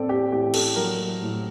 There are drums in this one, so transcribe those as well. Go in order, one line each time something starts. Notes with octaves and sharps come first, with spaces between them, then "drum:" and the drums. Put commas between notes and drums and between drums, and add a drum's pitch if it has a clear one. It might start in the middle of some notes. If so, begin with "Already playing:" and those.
Already playing: A2 C4 A4 D5
G4
A1 G4
A4, drum: cymbal
F#3 A#4
A2